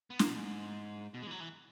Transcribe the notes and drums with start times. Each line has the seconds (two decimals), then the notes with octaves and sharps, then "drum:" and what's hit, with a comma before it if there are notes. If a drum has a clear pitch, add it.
0.10 B3
0.19 A#3, drum: snare
0.28 B2
0.36 G#2
1.14 B2
1.22 G#3
1.27 E3
1.31 F#3
1.40 E3